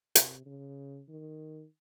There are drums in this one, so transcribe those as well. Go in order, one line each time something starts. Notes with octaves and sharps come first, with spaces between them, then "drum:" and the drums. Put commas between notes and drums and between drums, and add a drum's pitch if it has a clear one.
C3, drum: hi-hat
C#3
D#3